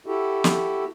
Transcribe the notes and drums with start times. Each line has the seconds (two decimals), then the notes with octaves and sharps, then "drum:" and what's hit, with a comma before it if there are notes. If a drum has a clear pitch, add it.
0.06 E4 F#4 G4 A4
0.44 drum: snare